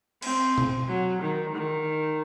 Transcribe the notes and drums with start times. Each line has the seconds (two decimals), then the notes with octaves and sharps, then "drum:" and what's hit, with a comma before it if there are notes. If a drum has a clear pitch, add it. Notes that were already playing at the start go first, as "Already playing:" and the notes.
0.22 C4, drum: cymbal
0.58 drum: tom B2
0.89 F#3
1.22 D#3
1.55 D#3